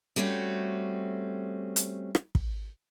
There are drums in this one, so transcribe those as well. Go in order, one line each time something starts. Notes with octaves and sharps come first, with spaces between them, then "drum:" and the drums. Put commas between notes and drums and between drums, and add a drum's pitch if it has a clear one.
G3 A3 C4 C#4 F#4
drum: hi-hat
drum: rim click
drum: kick